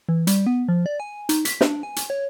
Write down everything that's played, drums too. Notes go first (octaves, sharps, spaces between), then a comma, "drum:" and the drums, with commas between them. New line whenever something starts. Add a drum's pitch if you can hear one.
E3
G3, drum: hi-hat
B3
F3
D5
G#5
D#4, drum: hi-hat
B6, drum: hi-hat
D4, drum: snare
G#5
drum: hi-hat
C#5